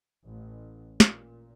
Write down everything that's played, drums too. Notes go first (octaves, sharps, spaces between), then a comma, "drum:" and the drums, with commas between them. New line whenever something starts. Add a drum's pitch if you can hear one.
A1
A#2, drum: snare